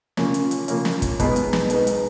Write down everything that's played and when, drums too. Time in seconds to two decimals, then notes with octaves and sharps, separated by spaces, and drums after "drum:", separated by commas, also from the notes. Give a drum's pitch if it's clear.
0.17 C#3 F3 A#3 C#4, drum: snare
0.34 drum: hi-hat
0.51 drum: hi-hat
0.68 C#3 F3 A#3 C#4, drum: hi-hat
0.85 drum: snare
1.02 drum: kick, hi-hat
1.20 B2 G#3 B3 D#4, drum: kick, hi-hat
1.36 drum: hi-hat
1.53 drum: snare
1.70 B2 G#3 B3 D#4, drum: hi-hat
1.87 drum: hi-hat